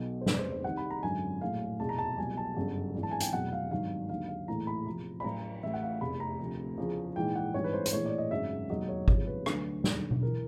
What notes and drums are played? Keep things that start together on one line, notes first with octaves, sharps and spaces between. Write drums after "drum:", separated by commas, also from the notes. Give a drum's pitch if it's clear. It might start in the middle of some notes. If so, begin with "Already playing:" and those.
Already playing: B1 B2 F#3
C5
F1 D#2 C#3 F#3 B4, drum: snare
C5
C5
C2 C3 D#3 F#5
B5
A#5
G#1 F#2 D3 F#3 G#5
A#1 A2 F#3 F5
F1 E2 B2 A5
A#5
A5
C2 B2 F#3 G#5
A5
G1 F#2 C#3 F#3
G#1 G#2 E3
A5
G#5
G5, drum: hi-hat
F1 E2 B2 F#3 F#5
F5
G#1 G2 D#3 F#3 F5
D#2 D3 F#3 F5
F5
A#1 A2 E3 A#5
B5
E2 C3 F3 A#5
B5, drum: cymbal
A1 A2 F#3 A#5
A1 A2 E3 E5
F#5
F5
F1 E2 C3 B5
A#5
D2 C3 F3
E2 C#3 F3
A#1 G#2 E3 G5
F#5
G#1 G2 E3 C#5
B4
C5
C5, drum: hi-hat
A#1 A2 E3 C#5
D5
D#5
G#1 F#2 C#3 F#3 E5
E1 D#2 D#3 F#3 D#5
C#5
E1 E2 C3 F3 C#5, drum: kick G#1
B4
D2 D3 F#3, drum: rim click
E1 D#2 D3 F#3, drum: snare
drum: tom B2
E3 A#4